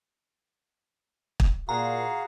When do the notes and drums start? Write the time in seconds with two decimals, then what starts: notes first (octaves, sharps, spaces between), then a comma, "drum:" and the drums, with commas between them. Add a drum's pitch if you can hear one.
1.40 drum: kick
1.69 A#2 F#4 G#4 F5 A#5